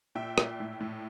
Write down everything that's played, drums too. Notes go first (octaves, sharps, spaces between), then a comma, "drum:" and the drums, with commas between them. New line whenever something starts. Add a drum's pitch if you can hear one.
A#2 E5 G5
A#2, drum: rim click
A2
A2